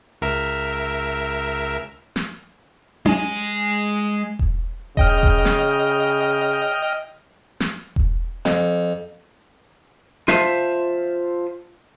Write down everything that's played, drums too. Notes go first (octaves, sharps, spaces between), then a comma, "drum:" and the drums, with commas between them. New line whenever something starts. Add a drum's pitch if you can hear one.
C#2 A#4 E5
drum: snare
G#3 G#5, drum: tom C#4
drum: kick E1
C#3 D#5 G5 F6, drum: kick E1
drum: kick E1
drum: snare
drum: snare
drum: kick E1
F2, drum: snare
F4 C5 E5 F5 A5, drum: snare